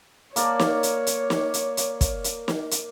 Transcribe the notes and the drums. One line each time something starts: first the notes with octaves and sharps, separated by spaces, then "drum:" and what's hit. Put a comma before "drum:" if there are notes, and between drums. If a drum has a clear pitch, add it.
A#3 A#4 C#5 D5, drum: hi-hat
drum: snare
drum: hi-hat
drum: hi-hat
drum: snare
drum: hi-hat
drum: hi-hat
drum: kick, hi-hat
drum: hi-hat
drum: snare
drum: hi-hat